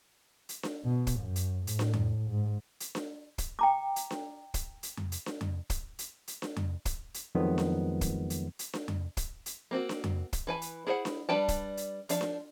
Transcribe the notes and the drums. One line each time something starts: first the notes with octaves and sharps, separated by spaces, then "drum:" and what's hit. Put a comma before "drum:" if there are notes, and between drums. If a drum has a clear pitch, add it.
drum: hi-hat
drum: snare D4
B2
drum: kick, hi-hat
F#2
drum: hi-hat
A2, drum: hi-hat
drum: snare D4
drum: tom F2
G#2
drum: hi-hat
drum: snare D4
drum: kick, hi-hat
G5 A#5 D6
drum: hi-hat
drum: snare D4
drum: kick, hi-hat
drum: hi-hat
drum: tom F2
drum: hi-hat
drum: snare D4
drum: tom F2
drum: kick, hi-hat
drum: hi-hat
drum: hi-hat
drum: snare D4
drum: tom F2
drum: kick, hi-hat
drum: hi-hat
F2 D#3 F3 F#3 G#3 B3
drum: snare D4
drum: kick, hi-hat
drum: hi-hat
drum: hi-hat
drum: snare D4
drum: tom F2
drum: kick, hi-hat
drum: hi-hat
A#3 C4 F#4
drum: snare D4
drum: tom F2
drum: kick, hi-hat
E3 B4 G#5
drum: hi-hat
E4 G#4 C5 F5 F#5
drum: snare D4
G3 D4 B4 G5 A5
drum: kick, hi-hat
drum: hi-hat
F3 D4 F5, drum: hi-hat
drum: snare D4